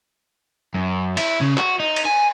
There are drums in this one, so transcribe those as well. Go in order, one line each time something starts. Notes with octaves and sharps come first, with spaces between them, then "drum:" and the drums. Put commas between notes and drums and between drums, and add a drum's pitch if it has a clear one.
F#2
E4, drum: cymbal
C#3
F#4, drum: clap
D#4
drum: cymbal
G#5